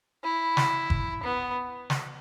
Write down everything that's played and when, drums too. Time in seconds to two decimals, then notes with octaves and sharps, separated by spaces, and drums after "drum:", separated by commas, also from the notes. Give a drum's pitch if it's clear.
0.24 E4
0.57 drum: snare
0.90 drum: kick F#1
1.23 B3
1.90 drum: snare